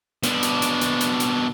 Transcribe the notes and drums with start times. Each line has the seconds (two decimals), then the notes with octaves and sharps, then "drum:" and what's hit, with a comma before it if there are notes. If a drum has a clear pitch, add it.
0.23 B2 D4, drum: hi-hat
0.43 drum: hi-hat
0.62 drum: hi-hat
0.81 drum: hi-hat
1.01 drum: hi-hat
1.20 drum: hi-hat